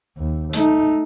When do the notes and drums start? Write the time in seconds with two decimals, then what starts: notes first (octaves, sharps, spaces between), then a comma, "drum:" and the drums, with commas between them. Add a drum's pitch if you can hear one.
0.18 D#2
0.53 A3 D#4, drum: hi-hat